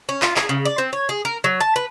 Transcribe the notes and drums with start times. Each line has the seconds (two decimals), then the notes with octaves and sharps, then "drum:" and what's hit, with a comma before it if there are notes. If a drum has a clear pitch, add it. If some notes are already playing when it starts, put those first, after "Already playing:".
0.09 C#4
0.22 F4, drum: clap
0.36 G#4, drum: clap
0.49 C#3
0.65 D5
0.78 C4
0.93 C#5
1.09 G#4
1.25 A#4
1.44 F#3
1.60 A5
1.76 B4